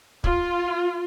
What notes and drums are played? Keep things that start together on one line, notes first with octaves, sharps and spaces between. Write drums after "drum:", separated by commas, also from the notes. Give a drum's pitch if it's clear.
F4, drum: kick